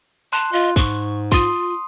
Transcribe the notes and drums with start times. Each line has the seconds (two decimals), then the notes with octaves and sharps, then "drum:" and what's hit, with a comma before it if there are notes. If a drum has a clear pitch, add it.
0.33 A5 C6 F#6
0.53 F4 D#5
0.76 G#2 C#6, drum: kick
1.32 F4 C6 D#6, drum: kick